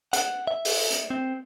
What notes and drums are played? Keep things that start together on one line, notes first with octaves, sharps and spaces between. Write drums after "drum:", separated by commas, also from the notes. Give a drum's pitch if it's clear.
F#5, drum: hi-hat
E5
drum: open hi-hat
drum: hi-hat
C4